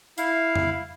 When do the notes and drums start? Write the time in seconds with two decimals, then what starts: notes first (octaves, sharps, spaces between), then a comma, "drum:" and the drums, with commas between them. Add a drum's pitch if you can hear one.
0.18 E4 F5, drum: hi-hat
0.56 drum: tom F2